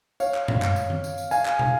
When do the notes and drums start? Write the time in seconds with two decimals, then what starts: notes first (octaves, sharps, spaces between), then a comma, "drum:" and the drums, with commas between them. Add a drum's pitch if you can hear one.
0.20 C#5 F5, drum: tambourine
0.34 drum: clap
0.48 drum: tom F#2
0.62 drum: clap
0.76 drum: tambourine
0.90 drum: tom D#3
1.04 drum: tambourine
1.18 drum: tambourine
1.31 F5 G#5, drum: tambourine
1.45 drum: clap
1.59 drum: tom